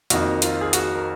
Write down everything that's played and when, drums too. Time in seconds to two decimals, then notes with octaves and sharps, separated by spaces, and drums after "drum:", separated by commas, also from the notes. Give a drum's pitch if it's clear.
0.10 F2 D#3 A#3 D#4 F#4, drum: hi-hat
0.42 F4, drum: hi-hat
0.61 G#4
0.73 F#4, drum: hi-hat
0.94 A#4